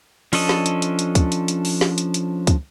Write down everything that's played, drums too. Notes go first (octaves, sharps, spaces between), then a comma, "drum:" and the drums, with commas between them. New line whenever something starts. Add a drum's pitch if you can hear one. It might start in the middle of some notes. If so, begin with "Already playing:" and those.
F3 C#4 D4 A4 D#5, drum: open hi-hat
drum: snare
drum: hi-hat
drum: hi-hat
drum: hi-hat
drum: kick C#2, hi-hat
drum: hi-hat
drum: hi-hat
drum: open hi-hat
drum: snare
drum: hi-hat
drum: hi-hat
drum: kick C#2, hi-hat